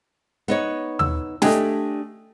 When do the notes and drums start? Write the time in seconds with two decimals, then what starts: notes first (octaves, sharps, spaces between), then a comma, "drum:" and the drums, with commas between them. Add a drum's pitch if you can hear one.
0.48 B3 D#4 C#5
0.99 E6, drum: tom D#2
1.42 A3 D4 G4 D#5 G#5, drum: snare